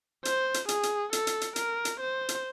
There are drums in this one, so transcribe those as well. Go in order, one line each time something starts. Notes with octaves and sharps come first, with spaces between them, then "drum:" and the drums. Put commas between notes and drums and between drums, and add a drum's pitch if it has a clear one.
C5, drum: hi-hat
drum: hi-hat
G#4, drum: hi-hat
drum: hi-hat
A4, drum: hi-hat
drum: hi-hat
drum: hi-hat
A#4, drum: hi-hat
drum: hi-hat
C5
drum: hi-hat